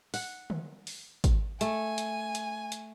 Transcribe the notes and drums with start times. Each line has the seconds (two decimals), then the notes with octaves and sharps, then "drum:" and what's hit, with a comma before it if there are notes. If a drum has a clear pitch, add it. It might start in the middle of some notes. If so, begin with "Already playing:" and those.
0.14 F#5, drum: open hi-hat
0.50 drum: tom
0.87 drum: open hi-hat
1.24 drum: kick G#1, hi-hat
1.61 A3 G#5, drum: hi-hat
1.98 drum: hi-hat
2.35 drum: hi-hat
2.72 drum: hi-hat